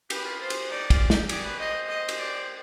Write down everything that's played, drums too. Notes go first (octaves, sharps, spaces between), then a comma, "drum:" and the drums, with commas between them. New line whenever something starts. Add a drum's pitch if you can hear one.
G4 B4, drum: cymbal
F4
F4 C5
drum: cymbal
D#4 D5
F4, drum: kick, cymbal
G4, drum: snare
G#4 D5, drum: cymbal
B4
C5 D#5
C5
D#5
drum: cymbal
D5